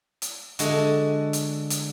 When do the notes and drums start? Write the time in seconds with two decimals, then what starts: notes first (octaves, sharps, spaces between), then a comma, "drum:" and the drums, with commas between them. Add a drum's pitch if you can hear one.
0.22 drum: hi-hat
0.59 D3 G#3 F#4 G#4 A4, drum: hi-hat
1.33 drum: hi-hat
1.70 drum: hi-hat